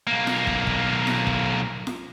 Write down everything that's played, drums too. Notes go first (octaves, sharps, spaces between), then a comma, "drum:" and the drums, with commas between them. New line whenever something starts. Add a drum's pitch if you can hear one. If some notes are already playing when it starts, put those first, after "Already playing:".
B1 A#3
drum: snare F4
drum: kick
drum: kick
drum: snare F4
drum: kick
drum: snare F4